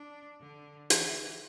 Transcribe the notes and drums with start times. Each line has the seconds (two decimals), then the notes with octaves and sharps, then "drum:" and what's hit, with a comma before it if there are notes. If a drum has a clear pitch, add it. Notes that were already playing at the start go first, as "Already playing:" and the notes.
Already playing: D4
0.40 D3
0.90 E3, drum: hi-hat